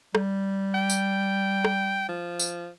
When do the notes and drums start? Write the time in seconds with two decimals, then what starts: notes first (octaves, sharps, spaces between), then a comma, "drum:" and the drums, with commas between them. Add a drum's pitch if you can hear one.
0.15 G3, drum: rim click
0.75 G5
0.90 drum: tambourine
1.65 drum: rim click
2.09 F3
2.39 drum: tambourine